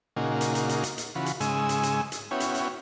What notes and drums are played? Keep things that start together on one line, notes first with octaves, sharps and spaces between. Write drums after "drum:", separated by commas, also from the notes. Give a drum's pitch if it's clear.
A#2 C#3 A#3 D#4 F#4 G#4
drum: hi-hat
drum: hi-hat
drum: hi-hat
drum: hi-hat
drum: hi-hat
C#3 E3 F4 F#4 B5
drum: hi-hat
G#2 C#3 G#3 G#5 D#6 E6, drum: hi-hat
drum: hi-hat
drum: hi-hat
drum: hi-hat
B3 C#4 E4 F#4 C#5 G5
drum: hi-hat
drum: hi-hat